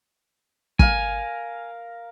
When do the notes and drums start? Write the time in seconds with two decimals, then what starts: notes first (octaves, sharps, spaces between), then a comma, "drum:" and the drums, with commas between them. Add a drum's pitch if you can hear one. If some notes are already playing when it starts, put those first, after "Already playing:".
0.79 A#4 F5 G#5, drum: kick